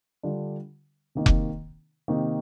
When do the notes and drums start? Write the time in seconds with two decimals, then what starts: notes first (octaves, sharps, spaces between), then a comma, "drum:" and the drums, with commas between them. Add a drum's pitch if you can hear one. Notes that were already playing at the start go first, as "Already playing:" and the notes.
0.23 D3 G3 D4 F4
1.15 C3 D#3 A#3 D#4
1.26 drum: kick F1
2.08 C3 D#3 A#3 D#4